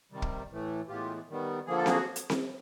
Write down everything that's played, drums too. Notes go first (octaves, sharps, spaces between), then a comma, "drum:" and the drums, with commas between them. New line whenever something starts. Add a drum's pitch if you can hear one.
C3 D#3 G3
drum: kick
A2 E3 A3
A2 E3 G#3 B3 F4 G4
D#3 G3 B3
D3 F3 A#3 G#4
A4
F#4 G#4, drum: snare C4
drum: hi-hat
drum: snare C4